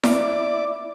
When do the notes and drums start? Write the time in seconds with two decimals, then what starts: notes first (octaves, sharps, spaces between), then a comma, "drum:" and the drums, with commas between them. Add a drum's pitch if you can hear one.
0.03 E4 D5 D6, drum: snare E4